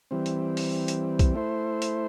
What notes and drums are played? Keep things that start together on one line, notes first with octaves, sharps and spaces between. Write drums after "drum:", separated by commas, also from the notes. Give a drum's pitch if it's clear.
E3 G3 C4
drum: hi-hat
drum: open hi-hat
drum: hi-hat
drum: kick B1, hi-hat
A3 E4 C5
drum: hi-hat